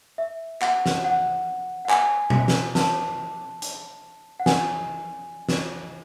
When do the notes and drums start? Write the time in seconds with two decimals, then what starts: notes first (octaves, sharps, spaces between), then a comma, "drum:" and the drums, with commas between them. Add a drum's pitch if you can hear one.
0.18 E5
0.62 F#5, drum: clap
0.86 drum: snare
1.04 F#5
1.85 F#5
1.89 G#5, drum: clap
2.30 drum: tom B2
2.48 drum: snare
2.75 A5, drum: snare
3.62 drum: hi-hat
4.40 F#5
4.46 G#5, drum: snare
5.49 drum: snare